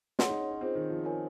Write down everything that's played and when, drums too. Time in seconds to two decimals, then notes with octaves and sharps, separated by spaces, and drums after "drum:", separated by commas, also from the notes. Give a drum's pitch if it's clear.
0.19 C#4 G#4 C#5 F#5 C6, drum: snare
0.30 D#4
0.40 C#4
0.51 C#4
0.61 C4 F4 G#4 C5
0.75 D#3
0.90 F3
1.04 F4 A#4 C#5 G#5